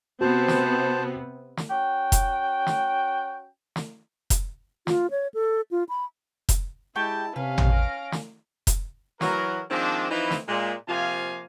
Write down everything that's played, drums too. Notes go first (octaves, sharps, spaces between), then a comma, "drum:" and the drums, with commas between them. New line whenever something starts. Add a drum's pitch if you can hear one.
C3 B3 C4 F#4 C5 A5
drum: snare
drum: snare
C#4 F#4 G5
drum: kick F1, hi-hat
drum: snare
drum: snare
drum: kick F1, hi-hat
F4, drum: snare
C#5
A4
F4
B5
drum: kick F1, hi-hat
G#3 E4 G4 G5 A5 C#6
C3 C#4 B4 F5
drum: tom
F6 A#6 D7
drum: snare
drum: kick F1, hi-hat
E3 F#3 A#4, drum: snare
D#3 F3 G#3 C4 D4
E3 F3 C4 D#4 E4
drum: snare
A#2 G#3
C3 F3 A#3 F4 F5 G#5